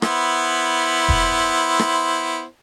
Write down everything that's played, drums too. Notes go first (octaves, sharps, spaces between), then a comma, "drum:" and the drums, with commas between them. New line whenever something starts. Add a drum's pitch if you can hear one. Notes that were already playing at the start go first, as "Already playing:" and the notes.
B3 E4 C5, drum: rim click
drum: kick E1
drum: rim click